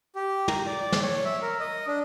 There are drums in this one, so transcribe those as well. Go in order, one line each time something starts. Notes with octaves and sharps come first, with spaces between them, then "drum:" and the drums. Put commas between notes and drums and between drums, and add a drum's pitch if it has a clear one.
G4
A#5, drum: tom
D5
D5
drum: snare
C#5
E5
A#4
D#5
D4